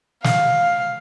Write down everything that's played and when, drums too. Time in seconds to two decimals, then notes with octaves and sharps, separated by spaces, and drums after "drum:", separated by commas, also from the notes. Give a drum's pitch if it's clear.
0.24 F5, drum: snare